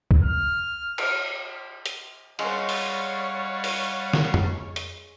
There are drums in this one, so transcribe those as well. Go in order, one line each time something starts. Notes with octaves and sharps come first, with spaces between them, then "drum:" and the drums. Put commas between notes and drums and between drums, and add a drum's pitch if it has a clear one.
drum: kick
F6
drum: cymbal
drum: hi-hat
G3 G#3 C#4 C#5 F5 F#5 C6 C#6, drum: cymbal
drum: open hi-hat
drum: open hi-hat
drum: snare
drum: tom F2
drum: hi-hat